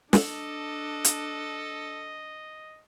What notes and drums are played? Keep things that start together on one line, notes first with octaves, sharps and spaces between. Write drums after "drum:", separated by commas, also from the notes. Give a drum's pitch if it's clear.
D4 A4 D#5, drum: snare
drum: hi-hat